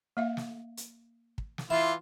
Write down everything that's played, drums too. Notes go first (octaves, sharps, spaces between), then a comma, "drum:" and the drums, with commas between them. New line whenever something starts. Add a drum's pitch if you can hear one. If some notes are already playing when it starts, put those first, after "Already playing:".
A#3 E5 F5
drum: snare
drum: hi-hat
drum: kick
drum: snare
E3 E4 F4